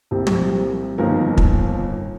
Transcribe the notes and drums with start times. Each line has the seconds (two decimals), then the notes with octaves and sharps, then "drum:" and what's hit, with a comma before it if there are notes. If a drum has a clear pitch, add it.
0.11 C2 A#2 G3 C4
0.27 drum: tom
0.98 G1 F2 D#3 A#3 D#4 A#4
1.38 drum: kick